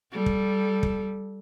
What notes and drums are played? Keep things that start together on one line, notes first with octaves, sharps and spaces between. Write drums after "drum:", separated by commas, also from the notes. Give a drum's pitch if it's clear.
G3 A4
drum: kick
drum: kick